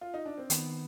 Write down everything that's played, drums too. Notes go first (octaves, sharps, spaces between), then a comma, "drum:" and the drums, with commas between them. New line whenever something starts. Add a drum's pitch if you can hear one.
F4
D#4
D4
C4
D#3 B3, drum: hi-hat